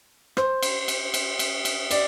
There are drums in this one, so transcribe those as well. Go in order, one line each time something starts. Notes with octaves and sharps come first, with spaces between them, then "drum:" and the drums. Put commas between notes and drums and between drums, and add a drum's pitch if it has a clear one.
C5, drum: rim click
drum: cymbal
drum: cymbal
drum: cymbal
drum: cymbal
drum: cymbal
D5, drum: cymbal